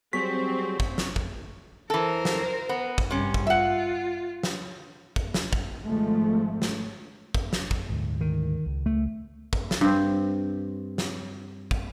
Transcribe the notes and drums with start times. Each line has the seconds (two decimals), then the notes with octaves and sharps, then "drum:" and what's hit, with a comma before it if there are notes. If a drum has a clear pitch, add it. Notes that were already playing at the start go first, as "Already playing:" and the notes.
0.13 F#3 G3 C4 G#4 C5 C#5 B6
0.80 drum: kick
0.98 drum: snare
1.16 drum: kick
1.90 E3 A4 A#4 C5
2.25 drum: snare
2.69 B3
2.98 drum: kick
3.10 G2 C3 C#4
3.34 drum: kick
3.47 F4 E5 F#5
4.43 drum: snare
5.16 drum: kick
5.34 drum: snare
5.53 drum: kick
5.87 G#1 F3 G#3 A3
6.62 drum: snare
7.34 drum: kick
7.53 drum: snare
7.71 drum: kick
7.89 D2 G#2
8.21 D#3
8.66 C#2
8.86 A3
9.53 drum: kick
9.71 drum: snare
9.81 G2 C4
10.98 drum: snare
11.71 drum: kick